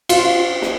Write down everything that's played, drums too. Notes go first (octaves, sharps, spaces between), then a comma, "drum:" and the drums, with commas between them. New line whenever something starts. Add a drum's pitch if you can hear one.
F4, drum: cymbal
drum: snare